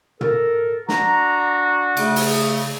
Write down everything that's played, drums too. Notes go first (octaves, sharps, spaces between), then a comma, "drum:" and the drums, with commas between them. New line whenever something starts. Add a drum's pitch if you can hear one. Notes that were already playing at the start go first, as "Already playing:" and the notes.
A4 A#4, drum: tom
D4 F#4 A#5, drum: snare
C#3 A3, drum: cymbal
drum: open hi-hat